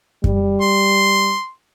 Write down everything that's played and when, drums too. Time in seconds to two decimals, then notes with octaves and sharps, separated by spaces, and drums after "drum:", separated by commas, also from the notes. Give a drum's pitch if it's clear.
0.24 G3, drum: kick F#2
0.61 C6